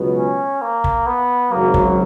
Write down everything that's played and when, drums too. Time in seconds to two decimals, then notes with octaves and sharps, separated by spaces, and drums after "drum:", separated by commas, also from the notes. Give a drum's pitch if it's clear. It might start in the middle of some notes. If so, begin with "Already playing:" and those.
Already playing: C#2 B2 F#3 B3
0.17 C#4
0.61 A#3
0.84 drum: kick
1.07 B3
1.51 G#1 F#2 C#3 F#3 A#3
1.74 drum: kick